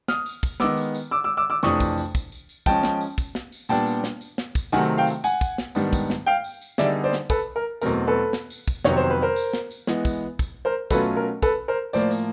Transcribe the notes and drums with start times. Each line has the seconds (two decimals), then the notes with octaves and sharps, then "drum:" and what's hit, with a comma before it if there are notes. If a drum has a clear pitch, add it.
0.08 D#6 F6, drum: snare
0.26 drum: tambourine
0.43 drum: kick, tambourine
0.60 D#3 G#3 B3 D6 E6, drum: snare
0.77 drum: tambourine
0.95 drum: tambourine
1.11 D6 E6
1.24 D6 E6
1.37 D6 E6
1.50 D6 E6
1.63 F2 C3 E3 A3 D4 C#6 D#6, drum: snare
1.80 drum: kick, tambourine
1.98 drum: tambourine
2.15 drum: kick, tambourine
2.32 drum: tambourine
2.49 drum: tambourine
2.66 F3 G#3 C#4 G5 A5, drum: kick, tambourine
2.83 drum: snare
3.01 drum: tambourine
3.18 drum: kick, tambourine
3.35 drum: snare
3.52 drum: tambourine
3.69 A#2 G3 B3 D4 G5 A5, drum: tambourine
3.87 drum: tambourine
4.04 drum: snare
4.21 drum: tambourine
4.38 drum: snare
4.55 drum: kick, tambourine
4.72 C3 D#3 F#3 A3 C4 F#5 G#5, drum: tambourine
4.98 F5 G5
5.07 drum: tambourine
5.24 F#5 G#5, drum: tambourine
5.41 drum: kick, tambourine
5.58 drum: snare
5.75 G#2 D#3 G3 B3 D4, drum: tambourine
5.93 drum: kick, tambourine
6.10 drum: snare
6.26 F5 G5
6.44 drum: tambourine
6.61 drum: tambourine
6.78 D3 G3 B3 D#4 G#4 D5 E5, drum: snare
7.04 C5 D5
7.13 drum: snare
7.30 A4 B4, drum: kick, tambourine
7.56 A#4
7.81 E2 B2 F#3 A3 C4 A#4, drum: tambourine
8.07 A4 B4
8.33 drum: snare
8.50 drum: tambourine
8.68 drum: kick, tambourine
8.84 F2 C3 D#3 F#3 B3 C#5, drum: snare
8.97 C5
9.10 B4
9.22 A#4 C5
9.36 drum: tambourine
9.53 drum: snare
9.71 drum: tambourine
9.87 E3 G#3 B3, drum: snare
10.05 drum: kick, tambourine
10.39 drum: kick, tambourine
10.65 A#4 C5
10.91 B2 F#3 A3 C#4 F4 A4 B4, drum: kick, tambourine
11.17 A#4
11.42 A4 B4, drum: kick, tambourine
11.68 A#4 C5
11.93 A2 F3 A#3 C5 D5, drum: tambourine
12.11 drum: tambourine